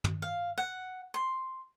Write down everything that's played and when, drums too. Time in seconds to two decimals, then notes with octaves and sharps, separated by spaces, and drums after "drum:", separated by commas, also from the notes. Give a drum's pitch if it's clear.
0.04 drum: tom
0.22 F5
0.58 F#5
1.14 C6